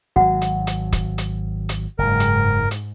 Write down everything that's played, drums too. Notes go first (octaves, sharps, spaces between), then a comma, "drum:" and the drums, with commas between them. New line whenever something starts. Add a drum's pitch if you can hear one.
G#1 F#3 F#4 F#5
drum: hi-hat
drum: hi-hat
drum: kick, hi-hat
drum: hi-hat
drum: hi-hat
F#1 G#2 A#4
drum: hi-hat
drum: hi-hat